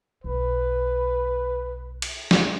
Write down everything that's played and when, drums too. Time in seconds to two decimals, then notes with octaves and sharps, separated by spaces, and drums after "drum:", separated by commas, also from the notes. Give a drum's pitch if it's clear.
0.24 B1 B4
2.02 drum: cymbal
2.31 drum: snare